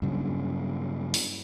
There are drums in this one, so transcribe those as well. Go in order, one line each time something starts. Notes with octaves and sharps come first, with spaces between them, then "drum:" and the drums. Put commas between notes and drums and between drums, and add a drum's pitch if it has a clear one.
G2 C#3 F#3
drum: open hi-hat